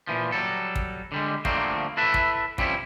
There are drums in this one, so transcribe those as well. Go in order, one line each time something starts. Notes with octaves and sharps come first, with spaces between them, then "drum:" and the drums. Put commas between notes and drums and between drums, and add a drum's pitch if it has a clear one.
A#2 E3 F3
F#3 G3 A4
drum: kick
D3 G3 G#3
D3 F3 G3 A3 A#3 C4, drum: kick
E4 A4 B4 E5
drum: kick
F3 G3 C4 C#4 E4, drum: kick